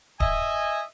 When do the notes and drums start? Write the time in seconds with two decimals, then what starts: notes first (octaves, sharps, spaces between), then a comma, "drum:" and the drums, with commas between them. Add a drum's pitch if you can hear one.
0.20 D#5 E5 G#5, drum: kick D1